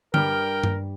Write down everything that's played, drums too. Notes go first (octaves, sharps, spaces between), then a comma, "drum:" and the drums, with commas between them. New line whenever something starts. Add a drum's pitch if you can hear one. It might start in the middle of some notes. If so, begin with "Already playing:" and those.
G2 G3 G4 A#4 G5 F6, drum: tom D3
drum: tom G2